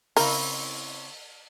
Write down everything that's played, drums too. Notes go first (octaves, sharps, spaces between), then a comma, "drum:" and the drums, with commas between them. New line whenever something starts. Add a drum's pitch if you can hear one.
C#3 C4 E4 A#4, drum: open hi-hat